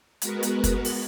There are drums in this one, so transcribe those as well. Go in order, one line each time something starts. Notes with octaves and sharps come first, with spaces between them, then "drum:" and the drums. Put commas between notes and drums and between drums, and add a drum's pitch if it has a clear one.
G#3 B3 F#4 A#4 B4, drum: hi-hat
drum: hi-hat
drum: kick, hi-hat
drum: open hi-hat